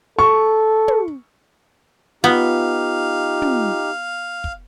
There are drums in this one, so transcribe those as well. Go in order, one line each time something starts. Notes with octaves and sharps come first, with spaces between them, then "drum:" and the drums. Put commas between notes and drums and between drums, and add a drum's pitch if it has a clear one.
A4 C#6
drum: tom
B3 D#4 F4 G4 F5
drum: tom
drum: kick